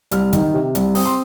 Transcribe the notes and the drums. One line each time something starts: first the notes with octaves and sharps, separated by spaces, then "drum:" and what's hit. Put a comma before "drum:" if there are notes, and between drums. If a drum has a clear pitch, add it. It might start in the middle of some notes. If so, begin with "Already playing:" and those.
C2 F6, drum: hi-hat
D#3, drum: kick, hi-hat
C3
C2, drum: hi-hat
C4 D#6, drum: open hi-hat
C6